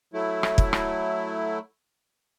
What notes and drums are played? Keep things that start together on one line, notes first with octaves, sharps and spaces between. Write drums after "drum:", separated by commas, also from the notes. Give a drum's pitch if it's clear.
F#3 A3 E4
drum: rim click
drum: kick
drum: rim click